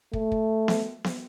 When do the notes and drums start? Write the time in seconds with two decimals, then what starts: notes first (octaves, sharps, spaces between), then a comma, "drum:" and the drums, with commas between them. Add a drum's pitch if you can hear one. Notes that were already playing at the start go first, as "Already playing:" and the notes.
0.13 A3, drum: kick
0.32 drum: kick
0.68 drum: snare B3
1.04 drum: snare B3